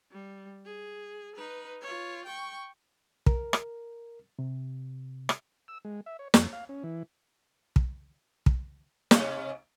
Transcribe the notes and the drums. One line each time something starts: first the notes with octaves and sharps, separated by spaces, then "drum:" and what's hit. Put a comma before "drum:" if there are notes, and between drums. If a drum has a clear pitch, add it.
G3
G#4
D#4 B4
F4 C#5
G5 C#6
A#4, drum: kick
drum: rim click
C3
drum: rim click
E6
G#3
E5
C#5
F2, drum: snare
F5
C#4
E3
drum: kick
drum: kick
G#2 C3 C#4, drum: snare